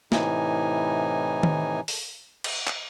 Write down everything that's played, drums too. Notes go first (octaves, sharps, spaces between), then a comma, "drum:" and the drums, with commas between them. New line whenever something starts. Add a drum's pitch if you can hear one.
A2 C3 E3 D#4 G#5, drum: snare
drum: tom D#3
drum: open hi-hat
drum: cymbal
drum: clap